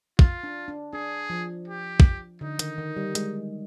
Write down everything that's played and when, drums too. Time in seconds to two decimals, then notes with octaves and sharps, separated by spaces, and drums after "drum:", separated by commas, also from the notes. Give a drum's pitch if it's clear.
0.19 F4, drum: kick
0.44 D4
0.68 D4
0.93 D4 G#4
1.30 F3
1.68 G4
2.00 drum: kick
2.41 D3 D#4
2.59 D#3, drum: hi-hat
2.78 D#3
2.97 G3
3.15 G#3, drum: hi-hat